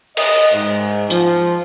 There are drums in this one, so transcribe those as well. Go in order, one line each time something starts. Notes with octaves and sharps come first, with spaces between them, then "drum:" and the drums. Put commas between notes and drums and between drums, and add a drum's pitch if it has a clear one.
D#5, drum: cymbal
G#2
F3, drum: hi-hat